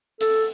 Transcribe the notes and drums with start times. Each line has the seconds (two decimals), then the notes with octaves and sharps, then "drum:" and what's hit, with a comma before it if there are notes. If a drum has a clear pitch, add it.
0.21 A4, drum: hi-hat